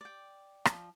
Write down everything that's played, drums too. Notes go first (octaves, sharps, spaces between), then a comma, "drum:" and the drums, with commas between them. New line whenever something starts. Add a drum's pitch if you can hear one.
D5 G5
F3, drum: rim click